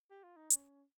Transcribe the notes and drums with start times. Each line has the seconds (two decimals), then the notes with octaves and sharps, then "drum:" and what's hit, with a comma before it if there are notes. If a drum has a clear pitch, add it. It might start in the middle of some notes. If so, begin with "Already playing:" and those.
0.11 G4
0.24 F4
0.37 D#4
0.50 C#4, drum: hi-hat